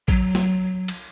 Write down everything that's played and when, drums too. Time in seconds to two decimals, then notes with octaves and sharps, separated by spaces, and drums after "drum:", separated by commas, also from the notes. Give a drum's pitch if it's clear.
0.08 F#3, drum: kick
0.35 drum: snare
0.88 drum: cymbal